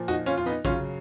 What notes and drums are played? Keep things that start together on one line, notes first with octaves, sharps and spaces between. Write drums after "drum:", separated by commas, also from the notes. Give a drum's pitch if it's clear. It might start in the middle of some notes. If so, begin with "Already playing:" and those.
Already playing: A#2 F3
D#4 F#4
C#4 F4
F4
B3 D#4
C#3 F#3 C#4 F4, drum: kick A1